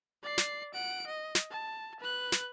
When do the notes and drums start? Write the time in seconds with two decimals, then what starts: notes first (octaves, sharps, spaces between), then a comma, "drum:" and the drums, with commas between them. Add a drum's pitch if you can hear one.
0.23 D5 C7
0.38 drum: snare
0.74 F#5 D7
1.07 D#5
1.35 drum: snare
1.50 A5
2.00 B4 F#6
2.32 drum: snare